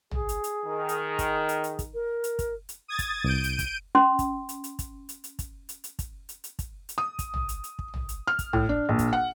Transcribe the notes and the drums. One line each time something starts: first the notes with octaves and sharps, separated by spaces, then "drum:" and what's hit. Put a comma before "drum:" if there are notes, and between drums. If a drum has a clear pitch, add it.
G#4, drum: tom A1
drum: hi-hat
drum: hi-hat
D#3
drum: hi-hat
drum: kick, hi-hat
drum: hi-hat
drum: hi-hat
drum: kick, hi-hat
A#4
drum: hi-hat
drum: kick, hi-hat
drum: hi-hat
D#6 G#6 A6
drum: kick, hi-hat
C2 G6 D7 D#7
drum: hi-hat
drum: kick, hi-hat
C#4 C6
drum: kick, hi-hat
drum: hi-hat
drum: hi-hat
drum: kick, hi-hat
drum: hi-hat
drum: hi-hat
drum: kick, hi-hat
drum: hi-hat
drum: hi-hat
drum: kick, hi-hat
drum: hi-hat
drum: hi-hat
drum: kick, hi-hat
drum: hi-hat
D#6
drum: kick, hi-hat
drum: tom A1
drum: hi-hat
drum: hi-hat
drum: kick
drum: tom A1
drum: hi-hat
F6
drum: kick, hi-hat
A2, drum: tom A1
D4
A#1
drum: kick, hi-hat
F#5